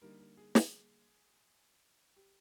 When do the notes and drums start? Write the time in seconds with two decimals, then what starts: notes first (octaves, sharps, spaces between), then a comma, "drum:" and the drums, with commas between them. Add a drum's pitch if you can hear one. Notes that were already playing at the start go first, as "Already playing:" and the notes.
0.02 D3 G3 A#3 D#4 A#4
0.20 A#4
0.37 G#4
0.55 G#4, drum: snare
2.16 G4